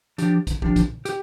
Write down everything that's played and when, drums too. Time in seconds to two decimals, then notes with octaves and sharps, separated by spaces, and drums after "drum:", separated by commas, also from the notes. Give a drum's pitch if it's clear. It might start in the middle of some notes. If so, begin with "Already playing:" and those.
0.18 F3 D4 G4, drum: hi-hat
0.47 drum: kick, hi-hat
0.62 F3 D4 G4, drum: kick
0.76 drum: kick, hi-hat
1.05 G4, drum: hi-hat